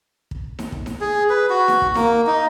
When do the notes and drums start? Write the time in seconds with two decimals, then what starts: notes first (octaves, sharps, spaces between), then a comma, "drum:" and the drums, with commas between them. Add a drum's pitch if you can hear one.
0.31 drum: kick
0.59 drum: snare D#4
0.72 drum: kick
0.86 drum: snare D#4
1.01 G#4
1.30 B4
1.50 F#4
1.68 drum: snare D#4
1.82 drum: kick
1.95 A#3, drum: snare D#4
2.27 D#4